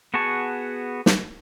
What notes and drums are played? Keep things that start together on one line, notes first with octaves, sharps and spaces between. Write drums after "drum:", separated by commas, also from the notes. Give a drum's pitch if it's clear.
B3 F#4 G#4 A5 C#6
drum: snare